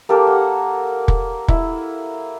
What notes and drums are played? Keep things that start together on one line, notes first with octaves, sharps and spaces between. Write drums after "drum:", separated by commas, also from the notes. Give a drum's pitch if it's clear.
A#3 G4 A4 A#4
F#5
drum: kick
E4, drum: kick